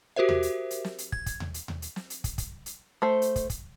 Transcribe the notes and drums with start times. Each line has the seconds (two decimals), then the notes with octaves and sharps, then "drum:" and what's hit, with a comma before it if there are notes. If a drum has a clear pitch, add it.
0.16 F#4 G4 A#4 C5 E5
0.29 drum: tom D#2
0.43 drum: hi-hat
0.71 drum: hi-hat
0.84 drum: snare
0.98 drum: hi-hat
1.12 G#6, drum: kick
1.26 drum: kick, hi-hat
1.40 drum: tom D#2
1.54 drum: hi-hat
1.68 drum: tom D#2
1.82 drum: hi-hat
1.96 drum: snare
2.10 drum: hi-hat
2.24 drum: kick, hi-hat
2.38 drum: kick, hi-hat
2.66 drum: hi-hat
3.02 A3 C5
3.22 drum: hi-hat
3.36 drum: kick, hi-hat
3.50 drum: kick, hi-hat